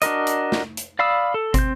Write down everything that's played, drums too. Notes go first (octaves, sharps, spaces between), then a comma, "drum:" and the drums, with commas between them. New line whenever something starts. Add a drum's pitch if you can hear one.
D4 F#4 A#4 D#5, drum: hi-hat
drum: hi-hat
drum: snare
drum: hi-hat
D5 F5 B5 D#6 E6
A4
C4 G6, drum: kick, hi-hat